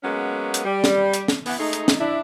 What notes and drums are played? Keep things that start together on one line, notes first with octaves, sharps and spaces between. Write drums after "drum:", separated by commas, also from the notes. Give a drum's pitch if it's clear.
F#3 G#3 A#3 B3 C#4
drum: hi-hat
G3
drum: snare
drum: hi-hat
drum: snare
E3 B3, drum: open hi-hat
G#3 A3 D#4
drum: hi-hat
drum: snare
D4 E4